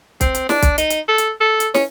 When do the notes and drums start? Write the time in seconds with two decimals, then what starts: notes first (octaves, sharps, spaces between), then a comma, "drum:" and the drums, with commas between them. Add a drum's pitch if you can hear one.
0.21 C4, drum: kick B1, hi-hat
0.35 drum: hi-hat
0.49 D4, drum: snare
0.62 drum: kick B1, hi-hat
0.78 D#4, drum: hi-hat
0.90 drum: hi-hat
1.08 A4
1.18 drum: hi-hat
1.41 A4
1.60 drum: hi-hat
1.74 C#4, drum: snare